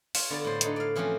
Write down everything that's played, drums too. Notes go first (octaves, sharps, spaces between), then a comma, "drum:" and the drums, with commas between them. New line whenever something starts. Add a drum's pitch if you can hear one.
F4 C#5, drum: open hi-hat
D3 B3 D4 A5
A2 C5
D3 D#4 C#5 A5, drum: hi-hat
D5 F5
E3 F3 A3 C4 C#4